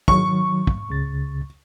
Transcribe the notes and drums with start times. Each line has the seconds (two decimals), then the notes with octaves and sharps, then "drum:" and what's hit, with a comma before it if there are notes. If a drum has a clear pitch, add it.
0.08 D#3 F#3 C#6, drum: kick
0.67 drum: kick
0.89 C#2 C#3 A6